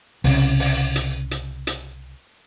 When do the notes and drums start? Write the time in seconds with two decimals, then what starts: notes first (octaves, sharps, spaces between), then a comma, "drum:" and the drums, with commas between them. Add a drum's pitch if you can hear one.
0.24 C2 C#3, drum: open hi-hat
0.60 drum: open hi-hat
0.96 drum: hi-hat
1.31 drum: hi-hat
1.67 drum: hi-hat